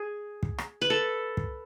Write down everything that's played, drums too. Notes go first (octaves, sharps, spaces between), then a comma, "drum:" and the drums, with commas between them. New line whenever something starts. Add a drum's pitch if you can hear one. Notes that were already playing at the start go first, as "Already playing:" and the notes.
Already playing: G#4
drum: kick
drum: rim click
B4
A4
drum: kick